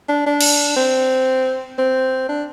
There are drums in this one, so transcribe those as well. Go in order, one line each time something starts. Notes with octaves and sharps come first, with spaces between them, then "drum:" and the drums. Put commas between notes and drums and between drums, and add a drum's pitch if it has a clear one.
D4
D4
drum: cymbal
C4
C4
D4